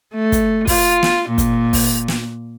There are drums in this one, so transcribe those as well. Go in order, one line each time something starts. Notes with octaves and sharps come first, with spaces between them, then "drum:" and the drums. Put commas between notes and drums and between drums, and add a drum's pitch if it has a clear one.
A3
drum: kick, hi-hat
F4, drum: kick, open hi-hat
drum: snare
A#2
drum: kick, hi-hat
drum: kick, open hi-hat
drum: snare